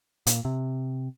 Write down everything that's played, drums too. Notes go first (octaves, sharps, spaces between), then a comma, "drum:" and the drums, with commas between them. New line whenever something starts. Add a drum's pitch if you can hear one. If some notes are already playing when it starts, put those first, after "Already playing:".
A#2, drum: hi-hat
C3